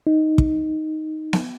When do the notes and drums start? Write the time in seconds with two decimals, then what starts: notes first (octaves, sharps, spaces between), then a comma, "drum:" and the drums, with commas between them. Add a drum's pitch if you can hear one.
0.07 D#4
0.38 drum: kick
1.33 drum: snare B3